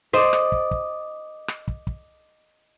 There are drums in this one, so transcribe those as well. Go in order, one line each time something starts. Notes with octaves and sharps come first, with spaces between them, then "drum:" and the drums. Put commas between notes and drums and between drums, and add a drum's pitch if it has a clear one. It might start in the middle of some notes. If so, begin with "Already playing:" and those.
C5 D5 D#5
drum: rim click
drum: kick
drum: kick
drum: rim click
drum: kick
drum: kick